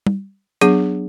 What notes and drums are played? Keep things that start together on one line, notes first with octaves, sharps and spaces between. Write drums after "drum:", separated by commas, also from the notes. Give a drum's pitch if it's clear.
drum: tom G3
F#3 B3 D4 G#4, drum: hi-hat